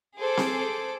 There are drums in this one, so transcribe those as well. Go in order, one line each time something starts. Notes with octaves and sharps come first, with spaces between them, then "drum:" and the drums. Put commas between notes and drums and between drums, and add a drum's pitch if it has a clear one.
G#4 A4 C5 D6
drum: snare C4